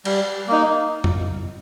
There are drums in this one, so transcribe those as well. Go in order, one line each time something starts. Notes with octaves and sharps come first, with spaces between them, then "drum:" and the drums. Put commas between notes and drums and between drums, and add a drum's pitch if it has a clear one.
G3, drum: cymbal
A#3 D#4
drum: tom F2